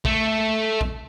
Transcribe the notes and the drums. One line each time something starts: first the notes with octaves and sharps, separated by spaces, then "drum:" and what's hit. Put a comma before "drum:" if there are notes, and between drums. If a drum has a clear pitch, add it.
A3, drum: kick A#1
drum: kick A#1